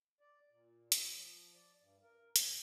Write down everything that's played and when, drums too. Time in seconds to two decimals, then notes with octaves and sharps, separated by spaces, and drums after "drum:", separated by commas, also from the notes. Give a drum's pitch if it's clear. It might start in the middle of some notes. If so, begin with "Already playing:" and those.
0.20 D5
0.51 A#2
0.92 drum: hi-hat
1.12 F3
1.55 D5
1.80 G2
2.02 A#4
2.36 B2, drum: hi-hat